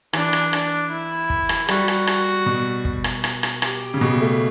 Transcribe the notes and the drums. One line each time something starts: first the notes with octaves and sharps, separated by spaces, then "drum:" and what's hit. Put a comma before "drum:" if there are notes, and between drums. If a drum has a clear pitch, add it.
E3 D4, drum: rim click
drum: rim click
D4, drum: rim click
E4
drum: kick
drum: rim click
G3 F#4, drum: rim click
drum: rim click
drum: rim click
B2
drum: kick
drum: rim click
drum: rim click
drum: rim click
G4, drum: rim click
C#3
B2
A3